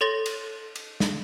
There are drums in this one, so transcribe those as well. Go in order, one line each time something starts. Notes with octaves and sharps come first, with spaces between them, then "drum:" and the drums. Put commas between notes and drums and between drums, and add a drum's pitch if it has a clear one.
A4 C#5 C6 A6 A#6
drum: cymbal
drum: cymbal
drum: snare